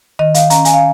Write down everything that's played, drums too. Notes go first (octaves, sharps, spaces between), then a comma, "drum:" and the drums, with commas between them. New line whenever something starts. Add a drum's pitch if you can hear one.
D#3 D#5
F5, drum: hi-hat
C#4 A#5, drum: hi-hat
G#5, drum: hi-hat
F5